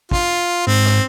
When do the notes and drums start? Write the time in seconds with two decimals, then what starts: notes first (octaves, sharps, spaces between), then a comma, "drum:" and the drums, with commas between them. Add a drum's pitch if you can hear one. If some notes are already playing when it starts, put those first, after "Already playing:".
0.11 F4, drum: kick
0.67 G#2 C4
0.86 drum: rim click